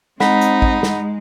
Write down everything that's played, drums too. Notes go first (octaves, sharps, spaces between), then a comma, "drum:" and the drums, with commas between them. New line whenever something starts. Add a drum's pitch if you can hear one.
G#3 C4 D#4 F#5 B5 B6, drum: snare
drum: hi-hat
drum: kick
drum: snare